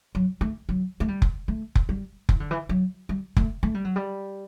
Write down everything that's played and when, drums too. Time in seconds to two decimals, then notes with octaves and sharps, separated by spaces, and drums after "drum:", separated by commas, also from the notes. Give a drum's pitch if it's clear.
0.15 F#3
0.41 A3
0.69 F#3
1.00 A3
1.08 G3
1.22 drum: kick F1
1.48 A3
1.75 drum: kick F1
1.89 G3
2.29 E3, drum: kick F1
2.40 D3
2.51 E3
2.69 F#3
3.09 G3
3.37 A3, drum: kick F1
3.63 A3
3.74 G3
3.85 F#3
3.96 G3